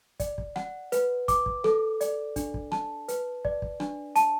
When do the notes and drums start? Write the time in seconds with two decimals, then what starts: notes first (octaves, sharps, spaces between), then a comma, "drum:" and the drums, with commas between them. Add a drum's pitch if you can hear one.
0.20 D5, drum: kick, hi-hat
0.38 drum: kick
0.56 F#5, drum: rim click
0.92 B4, drum: hi-hat
1.28 D6, drum: kick, hi-hat
1.46 drum: kick
1.64 A4, drum: rim click
2.01 D5, drum: hi-hat
2.36 D4, drum: kick, hi-hat
2.54 drum: kick
2.72 A5, drum: rim click
3.08 B4, drum: hi-hat
3.45 D5, drum: kick
3.62 drum: kick
3.80 D4, drum: rim click
4.16 A5, drum: hi-hat